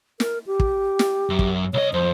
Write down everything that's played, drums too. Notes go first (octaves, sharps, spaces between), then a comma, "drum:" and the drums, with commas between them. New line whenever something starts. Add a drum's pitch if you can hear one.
A#4, drum: snare
G4
drum: kick
drum: snare
F#2
drum: kick
C2 C#5 D#5
F2 C5